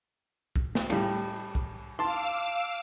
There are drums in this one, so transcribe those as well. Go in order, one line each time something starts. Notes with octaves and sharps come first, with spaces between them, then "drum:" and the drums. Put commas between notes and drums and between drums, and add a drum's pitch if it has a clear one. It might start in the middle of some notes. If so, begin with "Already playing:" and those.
drum: kick
drum: snare
A2 G3, drum: cymbal
drum: kick
F5 A5 C6 D6 E6, drum: tambourine